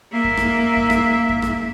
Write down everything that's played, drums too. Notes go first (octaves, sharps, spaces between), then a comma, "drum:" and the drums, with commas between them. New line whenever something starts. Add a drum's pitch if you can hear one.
A#3 E5
drum: kick F#2
drum: rim click
drum: kick F#2
drum: rim click
drum: kick F#2
drum: rim click